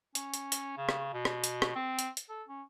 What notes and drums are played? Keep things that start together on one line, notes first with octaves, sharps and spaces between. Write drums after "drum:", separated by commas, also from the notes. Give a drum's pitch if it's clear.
C#4, drum: hi-hat
drum: hi-hat
drum: hi-hat
C#3
drum: rim click
B2
drum: rim click
drum: hi-hat
drum: rim click
C4
drum: hi-hat
drum: hi-hat
A4
C#4